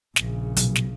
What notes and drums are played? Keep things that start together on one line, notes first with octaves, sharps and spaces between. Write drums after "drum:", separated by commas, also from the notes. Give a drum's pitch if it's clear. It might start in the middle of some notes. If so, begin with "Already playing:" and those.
A#1 C#3, drum: snare
B2 F#3, drum: hi-hat
drum: snare